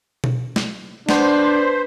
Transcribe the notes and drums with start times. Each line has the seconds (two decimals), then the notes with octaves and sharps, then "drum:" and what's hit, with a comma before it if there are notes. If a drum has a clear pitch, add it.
0.24 drum: tom B2
0.56 drum: snare
1.09 B3 D4 C5, drum: snare